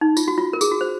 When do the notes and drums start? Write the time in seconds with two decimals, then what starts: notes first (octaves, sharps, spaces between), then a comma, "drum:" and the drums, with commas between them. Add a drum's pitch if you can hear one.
0.01 D#4
0.17 F4, drum: tambourine
0.28 F#4
0.38 F4
0.53 A#4
0.61 G#4, drum: tambourine
0.71 F#4
0.81 C5